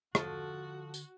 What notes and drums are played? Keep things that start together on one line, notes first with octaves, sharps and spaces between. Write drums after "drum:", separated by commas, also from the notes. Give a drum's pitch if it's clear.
D3 F3 F#4 A4, drum: rim click
drum: tambourine